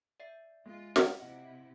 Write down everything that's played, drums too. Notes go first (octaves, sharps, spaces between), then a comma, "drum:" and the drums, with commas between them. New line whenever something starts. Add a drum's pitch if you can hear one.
D5 E5 C7
G#3 F4
drum: snare
C3 E4 D#5 F#5